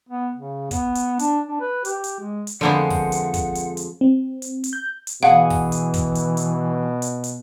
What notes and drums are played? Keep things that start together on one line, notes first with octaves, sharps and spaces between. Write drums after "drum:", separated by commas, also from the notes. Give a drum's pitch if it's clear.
B3
C#3
B3, drum: kick, hi-hat
drum: hi-hat
D4, drum: hi-hat
D4
B4
G4, drum: hi-hat
drum: hi-hat
G#3
drum: hi-hat
F2 D3 F3 G#3 A#3 B3 F#5
drum: kick, open hi-hat
drum: hi-hat
drum: kick, hi-hat
drum: hi-hat
drum: hi-hat
C4
drum: hi-hat
drum: hi-hat
G6
drum: hi-hat
B2 E3 G#4 F5 F#5 G#5
drum: kick, open hi-hat
drum: hi-hat
drum: kick, hi-hat
drum: hi-hat
drum: hi-hat
drum: hi-hat
drum: hi-hat